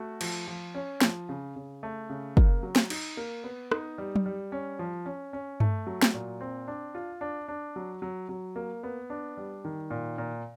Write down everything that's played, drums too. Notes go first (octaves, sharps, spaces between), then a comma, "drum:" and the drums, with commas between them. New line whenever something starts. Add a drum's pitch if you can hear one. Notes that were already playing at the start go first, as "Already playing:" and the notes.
Already playing: A3 F#4
F3, drum: cymbal
F3
C#4
F3, drum: snare
C#3
C#3
A3
C#3
A#3, drum: kick
F#3
drum: snare
D#4, drum: cymbal
A#3
B3
D#4, drum: rim click
G3
drum: tom F#3
G3
C#4
F3
C#4
C#4
A3, drum: tom G2
F#3
drum: snare
A#2
C4
D4
F4
D4
D4
F#3
F#3
F#3
A#3
B3
D4
G3
D#3
A#2
A#2